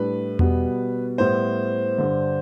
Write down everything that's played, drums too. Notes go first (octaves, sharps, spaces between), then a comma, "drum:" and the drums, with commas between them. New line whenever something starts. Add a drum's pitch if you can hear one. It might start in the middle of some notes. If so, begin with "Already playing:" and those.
Already playing: A2 G3 D4 B4
B2 G3 B3, drum: tom E2
A2 G3 B3 E4 C5
G2 D3 G3